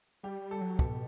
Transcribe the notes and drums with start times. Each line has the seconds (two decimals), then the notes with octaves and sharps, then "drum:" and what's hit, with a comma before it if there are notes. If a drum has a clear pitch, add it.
0.23 G3 G4
0.42 G3
0.51 A4
0.61 F#3
0.79 B2 A4, drum: kick